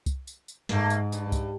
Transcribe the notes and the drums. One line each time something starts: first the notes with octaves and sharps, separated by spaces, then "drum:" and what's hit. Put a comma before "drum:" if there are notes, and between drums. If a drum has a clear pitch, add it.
drum: kick C2, tambourine
drum: tambourine
drum: tambourine
G#2 A3 A#3, drum: snare
drum: tambourine
G2, drum: tambourine
drum: kick C2, tambourine